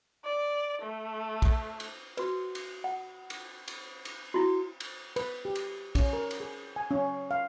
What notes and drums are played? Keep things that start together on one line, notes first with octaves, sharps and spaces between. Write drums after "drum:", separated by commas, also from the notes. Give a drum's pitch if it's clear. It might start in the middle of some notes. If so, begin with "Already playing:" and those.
D5
A3
drum: kick, cymbal
drum: cymbal
F#4 B4, drum: cymbal
drum: cymbal
F#5
drum: cymbal
drum: cymbal
drum: cymbal
E4 F#4
drum: cymbal
B4, drum: cymbal
G4
drum: cymbal
C#4, drum: kick, cymbal
A#4
drum: cymbal
G#4
G#5
C#4
F5